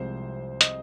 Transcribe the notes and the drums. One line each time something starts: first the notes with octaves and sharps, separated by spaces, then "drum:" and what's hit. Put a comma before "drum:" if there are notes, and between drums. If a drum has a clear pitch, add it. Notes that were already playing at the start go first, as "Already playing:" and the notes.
Already playing: C2 C3 F3 G#3 C5
D#5, drum: hi-hat